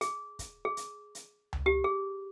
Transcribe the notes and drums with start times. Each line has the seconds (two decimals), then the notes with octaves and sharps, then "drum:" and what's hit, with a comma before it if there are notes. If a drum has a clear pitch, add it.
0.01 G#4, drum: hi-hat
0.39 drum: kick, hi-hat
0.65 G#4
0.77 drum: hi-hat
1.15 drum: hi-hat
1.53 drum: tom C#2
1.66 G4
1.84 G#4